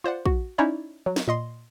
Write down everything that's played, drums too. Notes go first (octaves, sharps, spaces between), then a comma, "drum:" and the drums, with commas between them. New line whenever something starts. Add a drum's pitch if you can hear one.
F4 C5 D5 F#5
F#4, drum: kick
C#4 D#4 E4 C#5 D5
F#3
drum: snare
A#2 D#5 C6